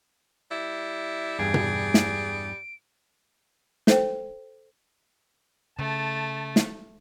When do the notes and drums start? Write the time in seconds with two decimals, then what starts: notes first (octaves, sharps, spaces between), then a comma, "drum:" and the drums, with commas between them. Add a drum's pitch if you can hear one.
0.51 G3 E4
1.39 E2 G2 G#4 D7
1.54 drum: tom B2
1.94 drum: snare
3.87 A4 C5 G5, drum: snare
5.79 C#3 A3 A5
6.56 drum: snare